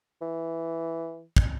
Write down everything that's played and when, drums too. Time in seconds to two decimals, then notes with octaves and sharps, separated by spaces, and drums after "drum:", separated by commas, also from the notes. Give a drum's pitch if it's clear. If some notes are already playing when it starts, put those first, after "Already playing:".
0.22 E3
1.36 drum: kick